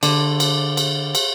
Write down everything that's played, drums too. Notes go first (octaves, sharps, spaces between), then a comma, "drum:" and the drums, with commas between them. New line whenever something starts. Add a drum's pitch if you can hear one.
D3, drum: cymbal
drum: cymbal
drum: cymbal
drum: cymbal